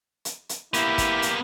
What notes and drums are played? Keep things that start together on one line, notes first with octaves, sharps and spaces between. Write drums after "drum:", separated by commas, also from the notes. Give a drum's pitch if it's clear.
drum: hi-hat
drum: hi-hat
A#3 B3 E4 G4, drum: hi-hat
drum: kick, hi-hat
drum: hi-hat